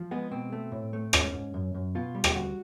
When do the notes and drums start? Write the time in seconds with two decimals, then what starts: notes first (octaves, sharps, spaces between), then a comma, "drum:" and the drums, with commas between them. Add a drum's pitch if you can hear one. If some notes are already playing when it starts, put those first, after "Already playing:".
Already playing: F3
0.11 G#3 B3
0.31 B2 C4
0.53 A3
0.72 A2
0.93 A3
1.13 G#2 C#4, drum: rim click
1.33 G#2
1.54 F#2
1.74 F#2
1.95 B2 F4
2.15 G3
2.24 G4, drum: rim click
2.34 D2 F#4